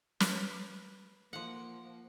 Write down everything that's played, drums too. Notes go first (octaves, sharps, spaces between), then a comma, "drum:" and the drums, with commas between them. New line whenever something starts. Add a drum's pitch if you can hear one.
B4, drum: snare
F3 A#3 F#5